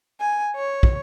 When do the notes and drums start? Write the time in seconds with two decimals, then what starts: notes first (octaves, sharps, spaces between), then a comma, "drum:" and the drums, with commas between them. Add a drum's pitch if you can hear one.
0.21 G#5
0.55 C#5
0.83 drum: kick